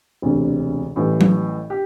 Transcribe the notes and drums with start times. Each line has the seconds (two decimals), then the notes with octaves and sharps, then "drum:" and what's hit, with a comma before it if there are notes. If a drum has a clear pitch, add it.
0.22 E1 D2 C3
0.96 A1 A2 E3 G3
1.21 drum: tom F#3
1.70 G4